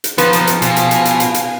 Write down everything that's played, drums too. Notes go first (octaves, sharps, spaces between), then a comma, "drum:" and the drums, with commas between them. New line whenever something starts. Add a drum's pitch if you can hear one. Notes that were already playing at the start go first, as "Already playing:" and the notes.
drum: hi-hat
F3 B3 D#4 B4, drum: hi-hat
drum: hi-hat
drum: hi-hat
B2 F5 G#5, drum: hi-hat
drum: hi-hat
drum: hi-hat
drum: hi-hat
drum: hi-hat
drum: hi-hat